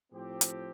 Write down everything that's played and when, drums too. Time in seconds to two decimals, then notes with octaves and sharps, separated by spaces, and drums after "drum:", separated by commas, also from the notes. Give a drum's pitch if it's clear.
0.11 A2 F3 C4 G4
0.41 drum: hi-hat